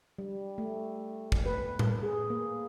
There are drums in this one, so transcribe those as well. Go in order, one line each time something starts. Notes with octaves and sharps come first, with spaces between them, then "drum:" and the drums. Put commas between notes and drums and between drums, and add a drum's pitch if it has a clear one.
G3
A3
drum: kick
B4
drum: tom A2
G#4
A#3